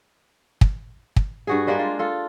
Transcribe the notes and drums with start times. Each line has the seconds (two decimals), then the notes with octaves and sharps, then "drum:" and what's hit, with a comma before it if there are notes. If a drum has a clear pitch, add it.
0.61 drum: kick
1.16 drum: kick
1.47 G2 F#4 G#4
1.67 G3 G#3 A#3 D4
1.79 F4
1.99 F4 A4